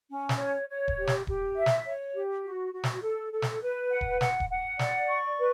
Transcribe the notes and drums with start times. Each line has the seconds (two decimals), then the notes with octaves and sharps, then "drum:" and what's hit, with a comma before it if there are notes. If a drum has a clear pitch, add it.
0.10 C#4
0.29 drum: snare
0.38 C#5
0.68 C#5
0.88 drum: kick D#1
0.98 G4
1.07 drum: snare
1.27 G4, drum: kick D#1
1.56 E5
1.66 drum: snare
1.86 C#5
2.15 G4
2.44 F#4
2.74 F#4
2.84 drum: snare
3.03 A4
3.32 A4
3.42 drum: snare
3.62 B4
3.91 F#5
4.01 drum: kick D#1
4.21 F#5, drum: snare
4.40 drum: kick D#1
4.50 F#5
4.79 D5, drum: snare
5.08 C#6
5.38 B4